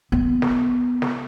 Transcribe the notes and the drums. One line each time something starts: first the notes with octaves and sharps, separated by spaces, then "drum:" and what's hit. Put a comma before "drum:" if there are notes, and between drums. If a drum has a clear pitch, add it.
B3
drum: snare
drum: snare